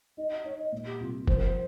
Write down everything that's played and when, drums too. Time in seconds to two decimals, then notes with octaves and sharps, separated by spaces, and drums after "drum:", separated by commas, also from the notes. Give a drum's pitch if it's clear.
0.17 D#4 D#5
0.32 D#5
0.44 D#4 C#5
0.59 D#5
0.72 A#2
0.86 G4
1.00 C2 F4
1.27 F3 C5, drum: kick F1
1.37 A#4
1.48 C5